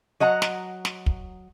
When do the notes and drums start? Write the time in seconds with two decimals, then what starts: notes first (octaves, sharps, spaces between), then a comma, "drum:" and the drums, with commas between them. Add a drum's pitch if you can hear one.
0.20 F#3 D#5 F#5 A#5
0.42 drum: snare
0.85 drum: snare
1.06 drum: kick